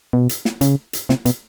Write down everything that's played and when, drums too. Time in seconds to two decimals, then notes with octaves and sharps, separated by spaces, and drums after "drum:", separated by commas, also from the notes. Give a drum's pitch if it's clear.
0.13 B2
0.29 drum: hi-hat
0.45 drum: snare
0.61 C#3, drum: hi-hat
0.93 drum: hi-hat
1.09 C3, drum: snare
1.26 B2, drum: hi-hat